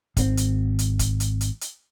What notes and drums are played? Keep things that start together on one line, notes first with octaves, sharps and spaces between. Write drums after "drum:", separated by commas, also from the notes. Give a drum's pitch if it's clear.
G#1 C3 C4, drum: kick, hi-hat
drum: hi-hat
drum: hi-hat
drum: kick, hi-hat
drum: hi-hat
drum: hi-hat
drum: hi-hat